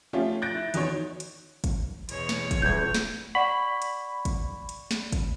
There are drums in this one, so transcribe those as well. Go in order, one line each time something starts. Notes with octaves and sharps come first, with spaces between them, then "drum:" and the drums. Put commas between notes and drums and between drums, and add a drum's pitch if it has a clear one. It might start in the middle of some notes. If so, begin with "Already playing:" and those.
F3 A3 C#4 F4 G4
F#6 G6 A6 A#6 D7
E4
E2 D#4 F#4 C#5 D7, drum: hi-hat
drum: hi-hat
drum: kick, hi-hat
E2 B2 C#5, drum: hi-hat
drum: snare
drum: kick, hi-hat
D#1 G6 G#6
drum: snare
D5 F#5 B5 C#6
drum: hi-hat
drum: kick, hi-hat
drum: hi-hat
drum: snare
drum: kick, hi-hat